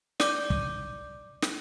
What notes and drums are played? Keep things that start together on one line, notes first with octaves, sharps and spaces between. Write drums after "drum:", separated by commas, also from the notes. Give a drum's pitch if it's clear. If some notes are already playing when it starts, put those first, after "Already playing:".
D5 D6 G6, drum: snare
drum: kick
drum: snare